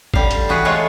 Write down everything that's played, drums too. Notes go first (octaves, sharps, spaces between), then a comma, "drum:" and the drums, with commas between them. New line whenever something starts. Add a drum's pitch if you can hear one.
D3 G3 F5, drum: kick G#1
drum: hi-hat
E3 F#4 G#4 B4
E3 G#3 A3 F4 C#5